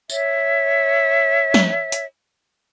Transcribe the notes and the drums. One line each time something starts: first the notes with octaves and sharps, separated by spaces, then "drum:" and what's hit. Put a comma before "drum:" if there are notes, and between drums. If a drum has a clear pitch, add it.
C#5 E5, drum: tambourine
drum: snare
drum: hi-hat